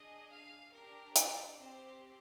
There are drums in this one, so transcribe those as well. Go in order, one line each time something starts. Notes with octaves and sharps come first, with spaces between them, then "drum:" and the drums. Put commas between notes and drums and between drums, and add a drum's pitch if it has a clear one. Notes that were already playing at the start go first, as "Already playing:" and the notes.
Already playing: D4 G#4 D#5
F5
D4 G4 A#4
D5, drum: hi-hat
C4 G4 C5